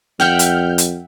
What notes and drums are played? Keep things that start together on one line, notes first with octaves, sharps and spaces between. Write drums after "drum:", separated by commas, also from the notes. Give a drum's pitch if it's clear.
F2 E5 F#5 G5 F6 G6
drum: hi-hat
drum: hi-hat